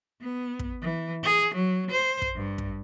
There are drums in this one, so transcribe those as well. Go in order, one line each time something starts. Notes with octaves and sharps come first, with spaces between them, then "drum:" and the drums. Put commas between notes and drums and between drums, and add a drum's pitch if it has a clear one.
B3
drum: kick
E3
G#4
F#3
C5
drum: kick
G2
drum: kick